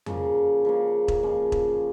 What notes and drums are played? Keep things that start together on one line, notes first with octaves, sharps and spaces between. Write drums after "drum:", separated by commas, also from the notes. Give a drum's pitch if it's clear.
C#3 F3 A#3, drum: tom F2
C#3 F3 A#3
drum: kick E1
C#3 F3 A#3
drum: kick E1